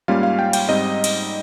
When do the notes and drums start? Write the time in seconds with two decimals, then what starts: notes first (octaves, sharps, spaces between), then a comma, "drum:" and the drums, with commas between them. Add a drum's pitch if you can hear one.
0.08 G#2 G3 A#3 C#4 F4 F5
0.23 F5
0.39 G5
0.53 G5, drum: cymbal
0.69 G#2 G3 C4 D#4 D#5
1.04 drum: cymbal